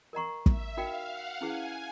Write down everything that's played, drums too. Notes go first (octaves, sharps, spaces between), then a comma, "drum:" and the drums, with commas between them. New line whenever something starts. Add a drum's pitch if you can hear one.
A#4 D#5 F#5 A#5 C#6
E5, drum: kick
D#4 F#4 A#4 D#5 F5 G5
F#5
C#4 E4 G#4 B4 G#5